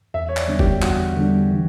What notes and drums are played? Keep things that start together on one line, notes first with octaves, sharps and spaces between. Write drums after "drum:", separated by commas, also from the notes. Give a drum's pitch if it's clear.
E2 E5
C#5
D5, drum: clap
D3 G3 B3 D4
G4, drum: kick F1
E2 F#4, drum: clap
D3 G3 B3 D4
E3